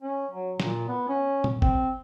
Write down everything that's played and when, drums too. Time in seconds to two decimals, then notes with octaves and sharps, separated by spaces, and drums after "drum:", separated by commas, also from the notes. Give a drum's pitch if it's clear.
0.02 C#4
0.31 F#3
0.60 A#2, drum: snare
0.88 B3
1.08 C#4
1.44 drum: tom A#2
1.62 C4, drum: kick G#1